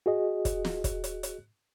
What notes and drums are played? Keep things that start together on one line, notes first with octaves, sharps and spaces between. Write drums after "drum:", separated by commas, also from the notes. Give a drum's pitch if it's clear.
F#4 G#4 D#5
drum: kick, hi-hat
drum: snare
drum: kick, hi-hat
drum: hi-hat
drum: hi-hat